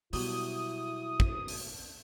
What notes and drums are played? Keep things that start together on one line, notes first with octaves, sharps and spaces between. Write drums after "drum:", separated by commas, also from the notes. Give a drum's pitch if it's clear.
B2 F#3 G3 E4 D#6, drum: open hi-hat
drum: kick
drum: open hi-hat